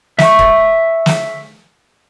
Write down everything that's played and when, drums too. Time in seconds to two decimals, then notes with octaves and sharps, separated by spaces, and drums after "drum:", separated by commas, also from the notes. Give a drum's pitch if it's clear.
0.19 E5 C#6, drum: snare
0.39 drum: kick
1.06 drum: snare